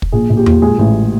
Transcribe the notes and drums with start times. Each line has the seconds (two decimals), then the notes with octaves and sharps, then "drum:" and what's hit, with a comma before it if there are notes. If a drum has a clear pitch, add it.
0.02 drum: kick
0.12 A#1 G#4
0.30 A#1
0.37 G4
0.46 A#2, drum: tom E2
0.62 G#3 G#4
0.79 A1